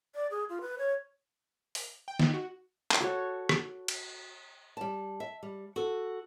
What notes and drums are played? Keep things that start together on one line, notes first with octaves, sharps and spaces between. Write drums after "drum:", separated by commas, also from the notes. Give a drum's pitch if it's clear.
D5
G#4
F4
B4
C#5
drum: open hi-hat
G5
D#4, drum: snare
F#4
drum: clap
F#4 A4 C#5
drum: rim click
drum: cymbal
G3 A5
E5
G3
F#4 A4